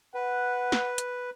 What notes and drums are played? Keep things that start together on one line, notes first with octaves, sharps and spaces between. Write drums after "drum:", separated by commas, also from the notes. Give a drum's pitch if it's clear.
B4 F#5
drum: snare
drum: hi-hat